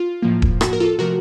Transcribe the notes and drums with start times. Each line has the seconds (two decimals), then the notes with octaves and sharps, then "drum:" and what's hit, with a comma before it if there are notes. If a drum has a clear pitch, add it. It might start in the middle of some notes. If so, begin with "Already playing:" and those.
Already playing: F4
0.22 A2 F3 A#3
0.42 drum: kick D#1
0.61 F#4, drum: rim click
0.73 A#4
0.80 F4 A4
0.99 C3 F3 A3 F#4 A#4